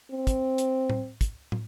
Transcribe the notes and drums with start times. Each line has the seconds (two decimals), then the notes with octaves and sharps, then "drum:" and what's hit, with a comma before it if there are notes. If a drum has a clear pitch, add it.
0.11 C4
0.27 drum: kick, hi-hat
0.58 drum: hi-hat
0.90 drum: tom
1.21 drum: kick, hi-hat
1.52 drum: tom